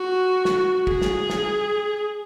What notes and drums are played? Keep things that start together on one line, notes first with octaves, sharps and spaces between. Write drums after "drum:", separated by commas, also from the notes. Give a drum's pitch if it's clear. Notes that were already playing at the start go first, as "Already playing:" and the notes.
Already playing: F#4
drum: snare
G#4, drum: kick
drum: snare
drum: snare